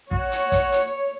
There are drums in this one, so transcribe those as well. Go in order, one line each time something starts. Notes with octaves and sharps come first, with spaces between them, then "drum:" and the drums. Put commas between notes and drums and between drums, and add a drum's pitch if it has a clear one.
F#4 C#5, drum: kick
drum: hi-hat
drum: kick, hi-hat
drum: hi-hat